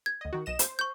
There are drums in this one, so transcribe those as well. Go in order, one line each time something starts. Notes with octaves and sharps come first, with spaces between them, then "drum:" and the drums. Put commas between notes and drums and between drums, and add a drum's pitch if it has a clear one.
G#6
D2 D#5
D#3 F#4
B1 D#5 E7
C5, drum: hi-hat
C#6 G6